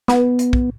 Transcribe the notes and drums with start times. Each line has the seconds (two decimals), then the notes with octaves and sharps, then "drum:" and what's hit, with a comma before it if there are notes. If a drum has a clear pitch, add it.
0.08 B3, drum: snare
0.39 drum: hi-hat
0.53 drum: kick